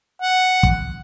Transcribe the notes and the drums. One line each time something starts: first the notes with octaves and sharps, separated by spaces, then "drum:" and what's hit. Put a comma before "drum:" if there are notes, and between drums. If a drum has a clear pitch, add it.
F#5
drum: kick